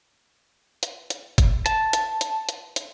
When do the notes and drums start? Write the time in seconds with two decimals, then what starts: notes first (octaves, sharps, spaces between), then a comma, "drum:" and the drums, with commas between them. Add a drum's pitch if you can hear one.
0.83 drum: hi-hat
1.10 drum: hi-hat
1.38 drum: kick G1, hi-hat
1.66 A5, drum: hi-hat
1.93 drum: hi-hat
2.21 drum: hi-hat
2.49 drum: hi-hat
2.76 drum: hi-hat